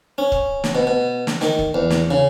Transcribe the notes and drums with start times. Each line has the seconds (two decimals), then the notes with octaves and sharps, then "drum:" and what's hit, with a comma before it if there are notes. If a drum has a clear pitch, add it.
0.18 C#4
0.32 drum: kick
0.64 drum: snare
0.75 B2
0.87 B2
1.27 drum: snare
1.41 D#3, drum: snare
1.59 drum: kick
1.74 E2
1.90 drum: snare
2.11 C#3